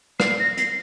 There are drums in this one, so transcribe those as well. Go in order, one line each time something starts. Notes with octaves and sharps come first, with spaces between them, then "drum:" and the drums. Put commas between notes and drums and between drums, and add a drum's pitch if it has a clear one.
C7, drum: rim click
A#6
C7, drum: hi-hat